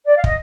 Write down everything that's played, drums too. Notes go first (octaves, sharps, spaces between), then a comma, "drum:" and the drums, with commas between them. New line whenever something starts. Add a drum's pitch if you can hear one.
D5
F5
D#5, drum: kick